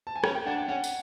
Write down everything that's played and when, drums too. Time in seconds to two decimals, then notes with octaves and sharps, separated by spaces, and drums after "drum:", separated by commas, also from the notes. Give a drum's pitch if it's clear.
0.07 A5
0.16 G#5
0.24 C#4 G5, drum: rim click
0.35 G5
0.46 D4 F#5
0.58 G5
0.68 C#4 F#5
0.84 drum: tambourine